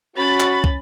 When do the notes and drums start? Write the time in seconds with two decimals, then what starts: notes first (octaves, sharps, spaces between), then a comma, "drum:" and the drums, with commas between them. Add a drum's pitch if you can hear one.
0.17 C#4 F#4 B5 A6
0.40 drum: clap
0.64 drum: kick